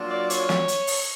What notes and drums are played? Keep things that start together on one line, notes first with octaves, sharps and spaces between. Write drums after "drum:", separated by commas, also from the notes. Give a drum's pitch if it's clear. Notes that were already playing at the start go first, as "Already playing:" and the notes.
Already playing: F#3 A#3 D4 F4
D5
C#5, drum: hi-hat
drum: snare
drum: hi-hat
drum: open hi-hat